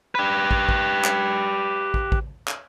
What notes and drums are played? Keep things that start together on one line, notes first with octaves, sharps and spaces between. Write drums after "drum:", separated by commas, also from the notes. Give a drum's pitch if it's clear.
G4 B4
drum: kick
drum: kick
drum: clap
drum: kick
drum: kick
drum: clap